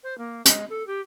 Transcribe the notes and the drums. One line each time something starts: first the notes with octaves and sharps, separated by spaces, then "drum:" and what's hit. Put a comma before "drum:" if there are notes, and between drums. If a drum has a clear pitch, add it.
C5
A#3
G#3, drum: hi-hat
A4
G4